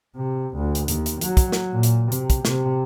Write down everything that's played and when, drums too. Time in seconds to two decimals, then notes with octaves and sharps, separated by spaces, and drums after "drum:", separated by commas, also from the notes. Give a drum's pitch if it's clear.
0.16 C3
0.56 D2
0.75 drum: hi-hat
0.88 D#2, drum: hi-hat
1.06 drum: hi-hat
1.21 F#3, drum: hi-hat
1.37 drum: kick, hi-hat
1.52 drum: snare
1.72 A#2
1.83 drum: hi-hat
2.12 C3, drum: hi-hat
2.30 drum: kick, hi-hat
2.45 C3, drum: snare